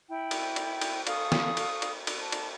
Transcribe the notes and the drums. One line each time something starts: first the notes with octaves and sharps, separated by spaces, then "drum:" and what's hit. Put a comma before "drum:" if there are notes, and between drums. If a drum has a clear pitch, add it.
E4 G5
drum: cymbal
drum: cymbal
drum: cymbal
A4 F5 C#6 D#6, drum: cymbal
drum: snare
drum: cymbal
drum: cymbal
drum: cymbal
A5
drum: cymbal